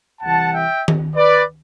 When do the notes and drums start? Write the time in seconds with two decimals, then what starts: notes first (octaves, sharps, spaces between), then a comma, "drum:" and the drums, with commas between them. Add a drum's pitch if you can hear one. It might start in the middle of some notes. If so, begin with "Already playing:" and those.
0.21 C2 C3 E3 F#5 A5
0.52 E5 G5
0.88 drum: tom D#3
1.15 B4 D5